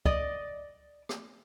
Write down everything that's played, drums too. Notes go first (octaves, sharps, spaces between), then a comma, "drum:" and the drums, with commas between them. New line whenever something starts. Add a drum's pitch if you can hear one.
D5 D#5, drum: kick C#2
drum: rim click